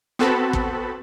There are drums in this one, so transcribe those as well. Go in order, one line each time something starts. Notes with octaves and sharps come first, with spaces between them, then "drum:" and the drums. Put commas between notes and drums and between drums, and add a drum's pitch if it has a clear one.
B3 C4 F#4 A4 A5 B5
drum: kick